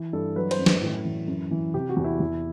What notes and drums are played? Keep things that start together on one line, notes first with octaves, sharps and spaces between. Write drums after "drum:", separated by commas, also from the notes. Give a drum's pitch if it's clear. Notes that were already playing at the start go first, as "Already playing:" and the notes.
Already playing: E3
G2 A4
F#3 B4
C5, drum: cymbal
F#2
B4, drum: snare
A2
E3
F#2
E3
C3 G4
F#4
E2
E4
E2